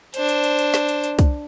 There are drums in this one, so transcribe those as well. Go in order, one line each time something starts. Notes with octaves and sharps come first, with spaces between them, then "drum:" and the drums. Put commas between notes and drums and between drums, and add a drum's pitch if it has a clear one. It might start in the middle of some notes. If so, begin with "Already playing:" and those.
D4 C5, drum: hi-hat
drum: hi-hat
drum: hi-hat
drum: hi-hat
drum: snare
drum: hi-hat
drum: hi-hat
drum: kick, hi-hat